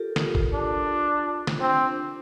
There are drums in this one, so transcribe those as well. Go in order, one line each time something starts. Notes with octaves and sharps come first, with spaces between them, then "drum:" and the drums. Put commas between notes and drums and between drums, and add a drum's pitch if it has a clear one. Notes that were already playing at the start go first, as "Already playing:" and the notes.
Already playing: F4 G4 A4 A#4
F4, drum: snare
drum: kick
D4
drum: snare
C4 D4